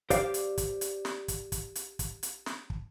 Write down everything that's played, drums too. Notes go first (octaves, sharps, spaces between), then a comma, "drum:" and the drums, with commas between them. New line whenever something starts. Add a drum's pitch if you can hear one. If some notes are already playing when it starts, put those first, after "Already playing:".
G4 C5 D5 F5, drum: kick, hi-hat
drum: hi-hat
drum: kick, hi-hat
drum: hi-hat
drum: snare
drum: kick, hi-hat
drum: kick, hi-hat
drum: hi-hat
drum: kick, hi-hat
drum: hi-hat
drum: snare
drum: kick